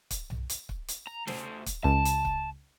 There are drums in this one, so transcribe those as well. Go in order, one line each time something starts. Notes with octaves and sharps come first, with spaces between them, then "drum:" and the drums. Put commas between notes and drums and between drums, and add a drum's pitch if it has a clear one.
drum: kick, hi-hat
drum: tom B1
drum: hi-hat
drum: kick
drum: hi-hat
A#5
A3 C5, drum: snare
drum: kick, hi-hat
C#2 A5
drum: hi-hat
drum: kick